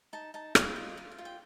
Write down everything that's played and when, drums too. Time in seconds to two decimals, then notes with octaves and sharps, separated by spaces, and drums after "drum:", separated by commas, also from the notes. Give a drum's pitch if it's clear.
0.13 D#4 A5
0.34 D#4 A5
0.55 F4 G5, drum: rim click
0.76 F4 D#5
0.97 F4 F5
1.12 F5
1.18 F4
1.25 G5